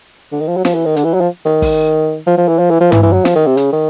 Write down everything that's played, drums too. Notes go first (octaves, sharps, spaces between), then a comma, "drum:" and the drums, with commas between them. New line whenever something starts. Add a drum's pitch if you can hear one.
D3
D#3
F3
F#3
F3, drum: snare
E3
D#3
D3, drum: hi-hat
E3
F#3
F3
D#3
drum: kick, open hi-hat
F3
F3
E3
F3
E3
F3
E3, drum: tom
E3
F#3
F3, drum: snare
D#3
C3
C#3, drum: hi-hat
D#3